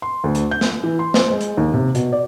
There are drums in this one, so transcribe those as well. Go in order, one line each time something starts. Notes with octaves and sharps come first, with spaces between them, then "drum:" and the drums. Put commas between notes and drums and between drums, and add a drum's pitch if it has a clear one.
C6
D2
drum: hi-hat
G6
drum: snare
E3
C6
C5, drum: snare
G#3
drum: hi-hat
D#2
C3
B2, drum: hi-hat
D5